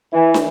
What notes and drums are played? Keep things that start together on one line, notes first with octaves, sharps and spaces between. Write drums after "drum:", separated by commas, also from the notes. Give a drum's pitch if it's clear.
E3
drum: snare